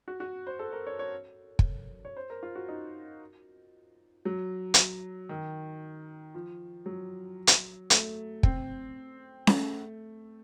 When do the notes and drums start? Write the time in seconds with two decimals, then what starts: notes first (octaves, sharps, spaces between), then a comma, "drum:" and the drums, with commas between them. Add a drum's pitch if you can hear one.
0.08 F#4
0.20 F#4
0.47 C5
0.59 A4
0.73 A#4
0.87 C#5
0.99 C#5
1.59 drum: kick
2.05 C#5
2.17 C5
2.30 A#4
2.43 F4
2.55 F#4
2.68 D#4
4.25 F#3
4.74 drum: hi-hat
5.29 D#3
6.34 F3
6.86 F#3
7.47 drum: hi-hat
7.90 A3, drum: hi-hat
8.43 C4, drum: kick
9.47 A3, drum: snare C#4